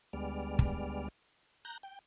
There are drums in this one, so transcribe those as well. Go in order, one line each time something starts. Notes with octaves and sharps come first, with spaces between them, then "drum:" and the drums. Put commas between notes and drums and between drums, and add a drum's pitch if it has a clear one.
D2 G3 G#3 B3 D5 F6
drum: kick
A#5 F#6 G6
G5